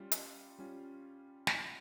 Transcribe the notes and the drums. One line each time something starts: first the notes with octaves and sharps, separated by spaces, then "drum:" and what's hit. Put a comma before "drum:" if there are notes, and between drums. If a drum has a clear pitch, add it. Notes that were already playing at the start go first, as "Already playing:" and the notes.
Already playing: G3 C#4 F4
drum: hi-hat
G3 C#4 F4
drum: snare